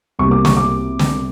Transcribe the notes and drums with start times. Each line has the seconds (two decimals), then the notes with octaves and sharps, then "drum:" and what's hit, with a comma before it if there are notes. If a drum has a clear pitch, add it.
0.19 C2 B2 G3 A#3 C#6
0.31 D6
0.45 C#6, drum: snare
0.57 D6
0.99 drum: snare